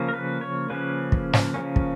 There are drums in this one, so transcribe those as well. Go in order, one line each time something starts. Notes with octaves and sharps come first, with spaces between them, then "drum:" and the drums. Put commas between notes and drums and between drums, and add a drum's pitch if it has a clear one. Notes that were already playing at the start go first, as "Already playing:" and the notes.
Already playing: C#3 F3 A#3 C#4
A#4
B4
C#5
C#3 F3 A#3 C#4 B4
drum: kick
drum: snare
C#3 F3 A#3 C#4
drum: kick